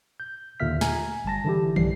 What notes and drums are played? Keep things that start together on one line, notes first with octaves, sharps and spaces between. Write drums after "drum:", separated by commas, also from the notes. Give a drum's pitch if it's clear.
G6
D#2 A#2 D3 E5 F6 B6
G#5 A#5, drum: snare
G1 G3 A5 A#6
D3 E3 E4 G4
B1 G2 G3 C7, drum: tom